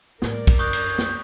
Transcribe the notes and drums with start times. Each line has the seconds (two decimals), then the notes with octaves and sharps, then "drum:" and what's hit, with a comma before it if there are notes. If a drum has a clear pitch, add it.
0.22 A2 G3 A#4 D5, drum: snare
0.47 drum: kick, cymbal
0.59 F#2 C#6 D#6 F#6 G6
0.73 drum: cymbal
0.98 drum: snare